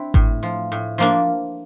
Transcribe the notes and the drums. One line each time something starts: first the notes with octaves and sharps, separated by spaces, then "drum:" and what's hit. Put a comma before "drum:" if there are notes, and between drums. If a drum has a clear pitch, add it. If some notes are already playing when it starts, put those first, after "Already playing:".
Already playing: C4 D4 E4
A2, drum: kick G#1
F3
A2
F3 A#3 D4